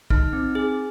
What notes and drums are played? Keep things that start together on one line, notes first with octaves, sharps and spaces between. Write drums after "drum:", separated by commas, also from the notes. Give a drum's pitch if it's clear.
D#4 F6, drum: kick B1
C4
G#4